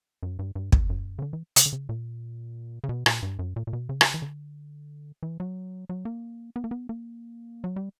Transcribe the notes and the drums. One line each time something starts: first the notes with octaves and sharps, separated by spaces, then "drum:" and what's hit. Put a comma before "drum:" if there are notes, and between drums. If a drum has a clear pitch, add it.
F#2
G2
G2
E2, drum: kick
F#2
C#3
D3
E3
C#3, drum: hi-hat
D3
C#3
A#2
C#3
B2
A#2, drum: rim click
G2
F#2
A#2
A#2
B2
C#3
drum: rim click
E3
D3
E3
F#3
F#3
A#3
B3
A#3
B3
A#3
F#3
G3